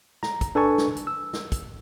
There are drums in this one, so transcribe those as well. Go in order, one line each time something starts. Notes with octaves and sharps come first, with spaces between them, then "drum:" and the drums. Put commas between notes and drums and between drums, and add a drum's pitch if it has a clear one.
A#5, drum: snare
drum: kick, hi-hat
D4 A4 B4 G#5 A5 C#6
drum: snare
drum: hi-hat
E6
drum: snare
drum: kick, hi-hat